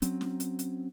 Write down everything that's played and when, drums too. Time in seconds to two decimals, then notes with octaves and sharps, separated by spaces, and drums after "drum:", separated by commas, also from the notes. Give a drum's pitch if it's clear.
0.02 F#3 C4 C#4, drum: hi-hat
0.21 drum: snare
0.40 drum: hi-hat
0.59 drum: hi-hat